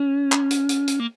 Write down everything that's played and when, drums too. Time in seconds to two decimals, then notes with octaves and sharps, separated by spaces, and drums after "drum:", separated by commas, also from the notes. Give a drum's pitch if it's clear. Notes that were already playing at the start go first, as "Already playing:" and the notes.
Already playing: C#4
0.32 drum: clap
0.51 drum: hi-hat
0.69 drum: hi-hat
0.88 drum: hi-hat
1.00 A#3